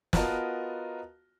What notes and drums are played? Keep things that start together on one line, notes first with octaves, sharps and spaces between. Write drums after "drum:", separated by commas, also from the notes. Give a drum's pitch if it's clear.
B3 F4 F#4 A#4 D#5 A5, drum: snare